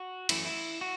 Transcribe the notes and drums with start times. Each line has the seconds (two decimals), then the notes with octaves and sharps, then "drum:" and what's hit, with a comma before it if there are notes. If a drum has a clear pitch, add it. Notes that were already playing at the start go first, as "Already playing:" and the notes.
Already playing: F#4
0.29 F#2 E3 A3 C#4 E4, drum: cymbal
0.45 E4
0.81 F#4